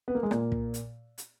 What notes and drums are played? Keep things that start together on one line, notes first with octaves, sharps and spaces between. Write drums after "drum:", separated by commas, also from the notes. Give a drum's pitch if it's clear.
B3
A#3
G#3
A#2 A#3, drum: rim click
drum: kick
drum: hi-hat
drum: hi-hat